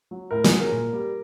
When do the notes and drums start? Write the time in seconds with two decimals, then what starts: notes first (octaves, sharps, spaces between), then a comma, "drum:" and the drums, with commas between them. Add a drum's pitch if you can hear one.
0.11 F#3
0.31 A2 A#4
0.44 G#4, drum: snare
0.51 F#3
0.59 A#4
0.72 A#2
0.93 G3